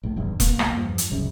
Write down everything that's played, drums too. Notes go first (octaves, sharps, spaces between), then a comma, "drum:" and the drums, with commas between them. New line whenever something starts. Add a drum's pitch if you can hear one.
A#1 A2
D#1 E2 G2
C2 A#3 B3, drum: kick E1, hi-hat
drum: rim click
E2 G2 F3
drum: hi-hat
D#1 C2 F#2 C#3